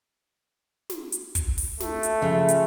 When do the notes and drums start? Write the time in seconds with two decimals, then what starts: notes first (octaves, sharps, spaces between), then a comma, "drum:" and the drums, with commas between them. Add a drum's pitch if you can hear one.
0.90 drum: snare
1.12 drum: hi-hat
1.35 drum: kick, hi-hat
1.58 drum: open hi-hat
1.80 A3, drum: snare
2.03 drum: hi-hat
2.22 C#3 F3 E5
2.48 drum: hi-hat